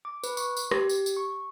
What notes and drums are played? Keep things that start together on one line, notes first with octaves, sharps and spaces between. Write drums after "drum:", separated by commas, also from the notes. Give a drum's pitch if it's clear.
D6
B4, drum: tambourine
C#6, drum: tambourine
drum: tambourine
G4, drum: rim click
drum: tambourine
drum: tambourine
C#6